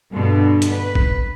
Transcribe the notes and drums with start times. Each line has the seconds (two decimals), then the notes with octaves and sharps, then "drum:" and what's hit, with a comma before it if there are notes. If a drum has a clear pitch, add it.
0.11 G2 B2 D3
0.62 drum: hi-hat
0.72 B4
0.95 drum: kick